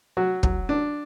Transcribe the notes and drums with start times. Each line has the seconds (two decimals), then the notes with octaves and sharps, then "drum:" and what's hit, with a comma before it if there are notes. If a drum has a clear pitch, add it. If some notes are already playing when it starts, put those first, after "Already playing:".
0.17 F#3 F#4
0.43 F#3, drum: kick
0.69 D4